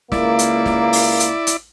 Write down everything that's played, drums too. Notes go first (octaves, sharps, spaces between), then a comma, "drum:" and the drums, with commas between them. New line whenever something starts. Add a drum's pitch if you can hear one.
C#2 A#3 E4 D5, drum: snare
drum: hi-hat
drum: snare
drum: open hi-hat
drum: hi-hat
drum: hi-hat